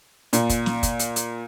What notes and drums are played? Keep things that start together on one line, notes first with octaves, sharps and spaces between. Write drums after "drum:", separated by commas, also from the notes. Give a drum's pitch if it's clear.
A#2, drum: hi-hat
drum: kick, hi-hat
drum: snare
drum: kick, hi-hat
drum: hi-hat
drum: hi-hat